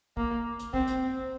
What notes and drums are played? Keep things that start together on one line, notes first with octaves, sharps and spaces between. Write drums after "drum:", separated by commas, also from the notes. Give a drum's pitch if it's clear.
A#3, drum: kick
drum: hi-hat
C4, drum: kick
drum: hi-hat